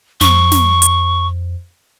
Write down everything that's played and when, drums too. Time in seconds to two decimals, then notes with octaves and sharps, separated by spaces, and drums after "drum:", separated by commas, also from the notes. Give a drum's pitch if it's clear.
0.21 F2 C#6, drum: snare
0.52 drum: snare
0.82 drum: hi-hat